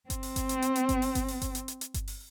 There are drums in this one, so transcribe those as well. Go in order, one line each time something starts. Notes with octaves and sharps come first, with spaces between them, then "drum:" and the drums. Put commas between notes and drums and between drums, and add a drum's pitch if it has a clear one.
C4, drum: kick G1, hi-hat
drum: open hi-hat
drum: kick G1, hi-hat
drum: hi-hat
drum: hi-hat
drum: hi-hat
drum: kick G1, hi-hat
drum: open hi-hat
drum: kick G1, hi-hat
drum: open hi-hat
drum: kick G1, hi-hat
drum: hi-hat
drum: hi-hat
drum: hi-hat
drum: kick G1, hi-hat
drum: open hi-hat